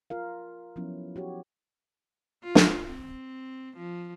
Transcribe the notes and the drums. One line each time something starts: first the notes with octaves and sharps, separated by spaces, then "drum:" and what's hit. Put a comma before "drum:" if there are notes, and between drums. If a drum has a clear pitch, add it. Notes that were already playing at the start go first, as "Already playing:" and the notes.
F4 A#4 F5
F3 F#3 B3 C#4 E4
F#4 G4 C#5
F4
drum: snare
C4
F3